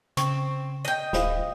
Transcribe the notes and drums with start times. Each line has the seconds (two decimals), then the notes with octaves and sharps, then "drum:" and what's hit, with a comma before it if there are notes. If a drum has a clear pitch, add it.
0.17 C#3 C4 C#6, drum: hi-hat
0.85 D#5 G5
1.13 D1 F4 C5 F5, drum: snare